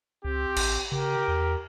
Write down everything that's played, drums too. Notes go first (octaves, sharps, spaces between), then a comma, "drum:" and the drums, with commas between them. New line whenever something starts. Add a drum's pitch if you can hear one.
C#2 C4 G4
A1, drum: cymbal
C#3 G4 A#4
E2